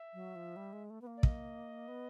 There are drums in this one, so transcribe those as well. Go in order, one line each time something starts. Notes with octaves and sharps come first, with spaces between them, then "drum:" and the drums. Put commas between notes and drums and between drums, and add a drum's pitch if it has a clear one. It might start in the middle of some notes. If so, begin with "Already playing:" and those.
Already playing: E5
F#3
F3
G3
G#3
A3
B3
A#3
D5
D#5, drum: kick
B3